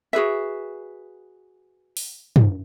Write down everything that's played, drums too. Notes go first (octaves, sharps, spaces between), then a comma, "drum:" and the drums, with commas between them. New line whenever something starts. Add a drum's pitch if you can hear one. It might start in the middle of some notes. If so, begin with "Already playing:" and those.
F#4 G#4 B4 E5
drum: open hi-hat
drum: tom